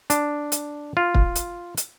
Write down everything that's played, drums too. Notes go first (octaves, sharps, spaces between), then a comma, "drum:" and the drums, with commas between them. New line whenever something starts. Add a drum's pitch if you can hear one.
D4, drum: hi-hat
drum: hi-hat
F4
drum: kick
drum: hi-hat
drum: hi-hat